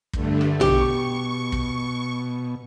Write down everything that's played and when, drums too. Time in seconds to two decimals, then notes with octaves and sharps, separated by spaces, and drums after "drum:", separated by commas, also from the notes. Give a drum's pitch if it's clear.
0.13 G2 D3 A3, drum: kick
0.41 drum: rim click
0.61 B2 G4 C#6, drum: tom A#1
1.52 drum: kick